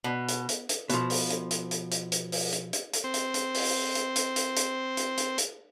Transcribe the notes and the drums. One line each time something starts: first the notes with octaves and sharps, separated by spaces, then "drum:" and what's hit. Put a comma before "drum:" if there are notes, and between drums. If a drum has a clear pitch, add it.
B2
drum: hi-hat
drum: hi-hat
drum: hi-hat
B2 F3, drum: hi-hat
drum: open hi-hat
drum: hi-hat
drum: hi-hat
drum: hi-hat
drum: hi-hat
drum: hi-hat
drum: open hi-hat
drum: hi-hat
drum: hi-hat
drum: hi-hat
C4 C5
drum: hi-hat
drum: hi-hat
drum: open hi-hat
drum: hi-hat
drum: hi-hat
drum: hi-hat
drum: hi-hat
drum: hi-hat
drum: hi-hat
drum: hi-hat